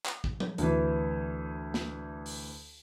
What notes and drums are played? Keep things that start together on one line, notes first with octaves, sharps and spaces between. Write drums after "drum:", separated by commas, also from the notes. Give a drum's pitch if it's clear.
drum: clap
drum: kick
drum: tom F3
D2 E3, drum: hi-hat
drum: snare
drum: open hi-hat